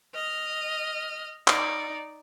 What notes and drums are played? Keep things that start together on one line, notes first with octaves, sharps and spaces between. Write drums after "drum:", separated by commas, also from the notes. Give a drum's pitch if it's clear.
D#5 F6
D#4 D5, drum: clap